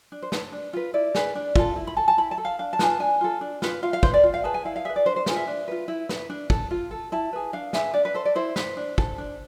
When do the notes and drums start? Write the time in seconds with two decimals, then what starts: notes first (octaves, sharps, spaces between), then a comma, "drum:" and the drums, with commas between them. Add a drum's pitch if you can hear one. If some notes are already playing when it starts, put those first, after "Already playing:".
0.12 D4
0.22 C5
0.32 A4 B4, drum: snare
0.52 D4
0.73 F4 B4
0.94 E4 D5
1.15 G#4 B4, drum: snare
1.35 D4
1.56 F4 A4, drum: kick
1.76 E4
1.87 B5
1.97 A4 A5
2.08 A5
2.18 E4 B5
2.31 A5
2.38 A4
2.45 F5
2.59 D4 F5
2.73 A5
2.79 F4 B4 G#5, drum: snare
2.86 A5
3.00 D4 G#5
3.21 F4 A4
3.41 D4
3.62 F4 B4, drum: snare
3.83 F4 F5
3.93 F5
4.03 B4 C5, drum: kick
4.14 D5
4.23 F4
4.34 F5
4.44 G#4 B4 A5
4.54 G#5
4.65 E4 F5
4.76 F5
4.85 G#4 B4 E5
4.96 D5
5.05 D4 C5
5.16 C5
5.26 F4 G#4 B4, drum: snare
5.36 E5
5.47 D4
5.68 F4 B4
5.88 E4
6.09 B4, drum: snare
6.30 D4
6.50 A4, drum: kick
6.71 F4
6.91 A4
7.12 E4 A5
7.33 G#4 B4
7.53 D4 F5
7.73 G#4 B4 E5, drum: snare
7.94 D4 D5
8.05 B4
8.14 A4 C5
8.25 D5
8.35 E4 C5
8.56 B4, drum: snare
8.77 D4
8.98 A4, drum: kick
9.18 D4